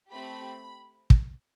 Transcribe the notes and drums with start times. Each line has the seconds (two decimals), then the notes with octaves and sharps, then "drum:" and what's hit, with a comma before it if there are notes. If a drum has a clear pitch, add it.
0.12 A3 C4 G4 B5
1.10 drum: kick